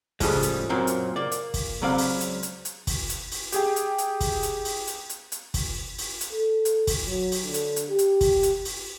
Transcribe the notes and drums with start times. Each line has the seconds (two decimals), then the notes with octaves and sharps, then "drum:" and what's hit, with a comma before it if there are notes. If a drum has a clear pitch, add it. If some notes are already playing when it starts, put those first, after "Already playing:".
0.20 A2 C#3 F3 G3 G#3, drum: kick, open hi-hat
0.43 drum: hi-hat
0.69 F#2 A#2 F#3 A#3 C4
0.87 drum: hi-hat
1.16 A#3 D5
1.32 drum: hi-hat
1.54 drum: kick, open hi-hat
1.82 C#2 F#3 C4 D5 F5
1.98 drum: open hi-hat
2.20 drum: hi-hat
2.43 drum: hi-hat
2.65 drum: hi-hat
2.87 drum: kick, open hi-hat
3.09 drum: hi-hat
3.32 drum: open hi-hat
3.52 G4 G#4 G5, drum: hi-hat
3.76 drum: hi-hat
3.98 drum: hi-hat
4.21 drum: kick, open hi-hat
4.43 drum: hi-hat
4.65 drum: open hi-hat
4.87 drum: hi-hat
5.09 drum: hi-hat
5.32 drum: hi-hat
5.54 drum: kick, open hi-hat
5.98 drum: open hi-hat
6.21 drum: hi-hat
6.32 A4
6.65 drum: hi-hat
6.87 drum: kick, open hi-hat
7.06 F#3
7.32 drum: open hi-hat
7.45 D3
7.54 drum: hi-hat
7.76 drum: hi-hat
7.89 G4
7.99 drum: hi-hat
8.21 drum: kick, open hi-hat
8.43 drum: hi-hat
8.65 drum: open hi-hat